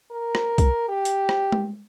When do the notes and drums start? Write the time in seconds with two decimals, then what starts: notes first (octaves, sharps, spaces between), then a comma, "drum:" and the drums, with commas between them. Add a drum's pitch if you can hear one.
0.11 A#4
0.35 drum: rim click
0.58 drum: kick, hi-hat
0.88 G4
1.05 drum: hi-hat
1.29 drum: rim click
1.52 drum: tom G#3